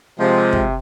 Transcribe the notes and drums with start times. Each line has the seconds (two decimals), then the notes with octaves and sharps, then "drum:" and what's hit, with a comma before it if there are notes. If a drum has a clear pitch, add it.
0.19 C3 F3 G#3
0.53 drum: kick